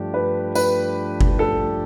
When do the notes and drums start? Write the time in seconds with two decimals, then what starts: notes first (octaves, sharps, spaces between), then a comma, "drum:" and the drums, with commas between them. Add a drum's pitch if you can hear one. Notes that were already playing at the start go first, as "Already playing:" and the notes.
Already playing: G2 F3 A3 D4 G4
0.14 B4
0.55 B4, drum: tambourine
1.21 drum: kick F#1
1.39 A4